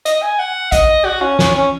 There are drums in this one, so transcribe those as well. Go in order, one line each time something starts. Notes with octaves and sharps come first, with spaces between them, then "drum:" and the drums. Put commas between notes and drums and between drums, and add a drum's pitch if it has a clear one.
D#5, drum: hi-hat
G#5
F#5
D#5, drum: kick A1, hi-hat
F#4
C#4
C#4, drum: snare
C#4